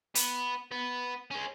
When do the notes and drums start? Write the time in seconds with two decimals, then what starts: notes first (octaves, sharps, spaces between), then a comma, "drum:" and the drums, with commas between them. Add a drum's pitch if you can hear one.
0.15 B3, drum: hi-hat
0.72 B3
1.31 G#3 C#4